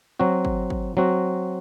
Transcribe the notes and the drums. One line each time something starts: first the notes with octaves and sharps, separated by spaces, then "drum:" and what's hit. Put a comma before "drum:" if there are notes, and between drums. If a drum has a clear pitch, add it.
F#3 C4 F#4
drum: kick
drum: kick
F#3 C4 F#4